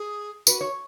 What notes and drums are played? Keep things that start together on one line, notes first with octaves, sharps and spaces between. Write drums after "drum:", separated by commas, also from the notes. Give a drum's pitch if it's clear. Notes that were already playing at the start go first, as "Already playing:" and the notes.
Already playing: G#4
F#4 B4, drum: tambourine
C#5